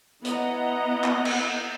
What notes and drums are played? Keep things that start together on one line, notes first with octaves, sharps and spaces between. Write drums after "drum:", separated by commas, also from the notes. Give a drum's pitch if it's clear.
B3 E4 D#5 F#5 A#5, drum: hi-hat
drum: clap
drum: cymbal